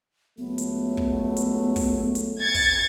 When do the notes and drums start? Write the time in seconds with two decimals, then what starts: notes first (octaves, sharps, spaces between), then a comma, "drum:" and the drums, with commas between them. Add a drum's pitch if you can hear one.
0.38 C#2 F#3 A3 B3
0.58 drum: hi-hat
0.97 drum: kick
1.37 drum: hi-hat
1.76 drum: kick, open hi-hat
2.15 drum: hi-hat
2.42 G#6 A6 C#7
2.54 drum: kick, open hi-hat